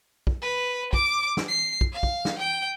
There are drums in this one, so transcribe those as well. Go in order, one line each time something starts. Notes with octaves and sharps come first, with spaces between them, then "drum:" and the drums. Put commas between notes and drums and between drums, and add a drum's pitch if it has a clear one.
drum: kick
B4
D6, drum: kick
drum: snare
C7
drum: kick
F5
drum: kick
drum: snare
G5